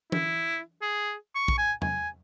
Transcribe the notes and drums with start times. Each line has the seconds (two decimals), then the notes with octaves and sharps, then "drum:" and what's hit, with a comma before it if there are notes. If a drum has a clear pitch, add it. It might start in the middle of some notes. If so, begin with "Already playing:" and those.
0.12 E4, drum: tom E3
0.82 G#4
1.35 C#6
1.48 drum: kick A#1
1.58 G#5
1.82 G#5, drum: tom